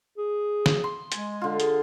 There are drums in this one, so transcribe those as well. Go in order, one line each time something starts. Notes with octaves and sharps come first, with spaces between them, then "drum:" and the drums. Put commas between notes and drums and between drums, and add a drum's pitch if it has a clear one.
G#4
drum: snare
C6
G#3 G#5, drum: hi-hat
D3 F4
G#4, drum: hi-hat